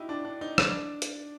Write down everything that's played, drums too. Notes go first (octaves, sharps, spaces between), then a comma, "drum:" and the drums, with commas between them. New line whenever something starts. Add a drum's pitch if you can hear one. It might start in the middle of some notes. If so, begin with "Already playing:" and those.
Already playing: D#4 E4 F#4 G4
D4
D4
D#4
D4, drum: rim click
drum: hi-hat